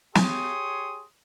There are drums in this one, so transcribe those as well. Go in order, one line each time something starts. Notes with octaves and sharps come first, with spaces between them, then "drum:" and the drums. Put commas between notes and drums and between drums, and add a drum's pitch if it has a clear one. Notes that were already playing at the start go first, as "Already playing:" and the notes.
G4 G#4 C#5 C6 D#6, drum: snare